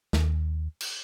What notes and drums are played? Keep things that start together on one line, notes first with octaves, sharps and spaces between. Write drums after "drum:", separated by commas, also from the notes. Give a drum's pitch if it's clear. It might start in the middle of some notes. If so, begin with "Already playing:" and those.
D#2, drum: snare
drum: cymbal